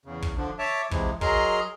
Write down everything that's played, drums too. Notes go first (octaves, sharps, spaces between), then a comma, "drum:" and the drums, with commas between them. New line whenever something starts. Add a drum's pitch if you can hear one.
E2 C#3
drum: kick
D3 F3 D4
C#5 E5 A5 D6
C3 E3 F3 G#3 E4, drum: kick
F#3 G#4 A#4 D#5 A#5 C6, drum: kick